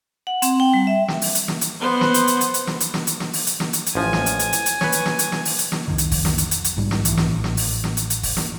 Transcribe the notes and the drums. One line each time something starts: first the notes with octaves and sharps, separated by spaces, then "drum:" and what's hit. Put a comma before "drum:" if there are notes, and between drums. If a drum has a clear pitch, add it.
F#5
C4, drum: hi-hat
G5
G3
E5
drum: snare
drum: open hi-hat
drum: hi-hat
drum: snare
drum: hi-hat
B3 C5
drum: snare
drum: hi-hat
drum: hi-hat
drum: hi-hat
drum: hi-hat
drum: snare
drum: hi-hat
drum: snare
drum: hi-hat
drum: snare
drum: open hi-hat
drum: hi-hat
drum: snare
drum: hi-hat
drum: hi-hat
A1 F3 G#5
drum: snare
drum: hi-hat
drum: hi-hat
drum: hi-hat
drum: hi-hat
B4 C#5, drum: snare
drum: hi-hat
drum: snare
drum: hi-hat
drum: snare
drum: open hi-hat
drum: hi-hat
drum: snare
C2 F2 D#3
drum: hi-hat
drum: kick, open hi-hat
drum: snare
drum: hi-hat
drum: hi-hat
drum: hi-hat
A#1 G#2 G3
drum: snare
B1 E3, drum: hi-hat
drum: snare
A1
drum: snare
drum: open hi-hat
drum: snare
drum: hi-hat
drum: hi-hat
drum: kick, open hi-hat
drum: snare